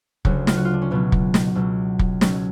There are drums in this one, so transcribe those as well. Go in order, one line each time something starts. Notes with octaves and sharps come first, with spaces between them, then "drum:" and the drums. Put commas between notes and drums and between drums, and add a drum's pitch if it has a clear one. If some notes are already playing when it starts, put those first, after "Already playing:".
D2 C#3 F#3 F#4, drum: kick
F4, drum: snare
F#4
F4
D4
C#4
C#2 B2 F#3 B3
drum: kick
drum: snare
C#2 B2 F#3
drum: kick
C#2 B2 F#3 C#4, drum: snare